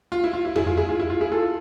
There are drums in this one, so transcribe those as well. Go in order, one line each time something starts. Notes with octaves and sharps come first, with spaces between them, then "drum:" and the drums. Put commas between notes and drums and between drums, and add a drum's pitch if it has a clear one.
F4
E4
F4
E4
E4 G#4, drum: tom F2
F4
E4 G#4
F4
E4
F4
E4 G#4
F4 A4